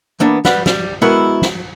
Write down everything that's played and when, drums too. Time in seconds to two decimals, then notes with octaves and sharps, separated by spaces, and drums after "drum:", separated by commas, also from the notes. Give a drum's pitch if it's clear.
0.20 E3 A#3 B3 D4
0.45 G3 B4 F#5, drum: snare
0.66 G3, drum: snare
1.02 G#3 B3 E4 F#4 G#4 A#4
1.42 drum: snare